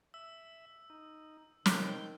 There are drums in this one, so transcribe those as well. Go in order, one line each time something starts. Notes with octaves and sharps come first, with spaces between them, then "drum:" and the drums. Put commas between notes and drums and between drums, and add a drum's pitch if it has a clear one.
E5 E6
D#4
C3 D#3 C4 D4 G6, drum: snare